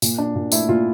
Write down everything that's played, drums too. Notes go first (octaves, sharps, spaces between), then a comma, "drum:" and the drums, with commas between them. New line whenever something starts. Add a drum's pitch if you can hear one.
A#2, drum: tambourine
D4
A#2
A3 E4, drum: tambourine
A#2 F4